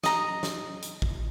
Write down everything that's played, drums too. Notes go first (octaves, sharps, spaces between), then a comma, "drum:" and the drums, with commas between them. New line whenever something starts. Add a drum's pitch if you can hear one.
D#5 A#5, drum: snare
drum: snare
drum: hi-hat
drum: kick A1